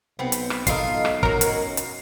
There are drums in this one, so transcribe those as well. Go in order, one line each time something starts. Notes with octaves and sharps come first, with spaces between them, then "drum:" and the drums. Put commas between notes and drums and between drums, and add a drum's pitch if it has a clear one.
B1 B3 C4
drum: hi-hat
drum: rim click
F4 A4 A#4 D#5 C7, drum: kick, hi-hat
drum: rim click
C#4 F#4 A#4, drum: kick
drum: hi-hat
drum: hi-hat